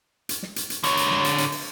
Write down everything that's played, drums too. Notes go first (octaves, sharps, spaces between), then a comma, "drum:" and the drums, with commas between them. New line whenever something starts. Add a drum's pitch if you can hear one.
drum: hi-hat
drum: snare
drum: hi-hat
drum: hi-hat
D3 C#5, drum: hi-hat
drum: hi-hat
drum: snare
drum: hi-hat
drum: hi-hat
drum: open hi-hat